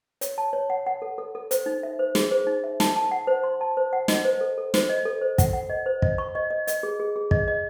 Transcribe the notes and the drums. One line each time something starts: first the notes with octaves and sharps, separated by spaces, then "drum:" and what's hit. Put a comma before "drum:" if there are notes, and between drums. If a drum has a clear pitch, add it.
C#5, drum: hi-hat
A5
C#5
F#5
F#5
A4
A4
A4
C5, drum: hi-hat
D#4
E5
C5
G#4, drum: snare
C5
D#4
E5
A5, drum: snare
A5
F#5
C5
C6
A5
C5
F#5
D#5, drum: snare
C5
A4
A4
C5, drum: snare
D#5
A4
C5
F#5, drum: kick, hi-hat
F#5
D#5
C5
D#5, drum: kick
C#6
D#5
D#5
D#5, drum: hi-hat
G#4
G#4
G#4
D#5, drum: kick
D#5